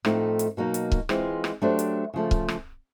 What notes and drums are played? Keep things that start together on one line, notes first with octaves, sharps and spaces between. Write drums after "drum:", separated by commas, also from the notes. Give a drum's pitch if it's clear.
A2 F3 A3 C4 D#4, drum: rim click
drum: hi-hat
B2 F#3 A#3 D#4 F#4
drum: hi-hat
drum: kick C#1
E3 G#3 C4 F4 G#4, drum: rim click
drum: rim click
F#3 A3 D4 G4 C5
drum: hi-hat
C#3 F3 A3
drum: kick C#1
drum: rim click